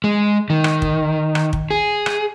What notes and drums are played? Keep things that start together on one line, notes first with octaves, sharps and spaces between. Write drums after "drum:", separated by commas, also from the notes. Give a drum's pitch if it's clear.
G#3
D#3
drum: rim click
drum: kick
drum: rim click
drum: kick
G#4
drum: rim click